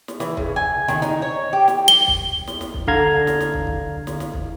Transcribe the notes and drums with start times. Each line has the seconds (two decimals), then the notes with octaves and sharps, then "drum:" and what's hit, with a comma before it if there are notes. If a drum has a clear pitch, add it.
0.08 drum: snare
0.20 E3, drum: snare
0.37 C#3, drum: kick
0.56 G#5
0.88 D#3, drum: snare
1.02 D#4, drum: snare
1.22 C#5
1.53 G4
1.68 drum: snare
1.88 G7
2.08 drum: kick
2.47 drum: snare
2.61 drum: snare
2.74 drum: kick
2.87 D3 F5 A#5 G#6, drum: kick
3.27 drum: snare
3.41 drum: snare
3.54 drum: kick
3.67 drum: kick
4.07 drum: snare
4.20 drum: snare
4.34 drum: kick